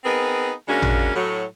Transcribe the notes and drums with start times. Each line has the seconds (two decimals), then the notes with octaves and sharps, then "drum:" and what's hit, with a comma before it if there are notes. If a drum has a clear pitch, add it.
0.04 B3 C4 D#4 G#4 A#4 B4
0.67 C#3 G#3 A#3 C#4 D4 F#4
0.82 drum: tom
1.15 A2 F#3 A3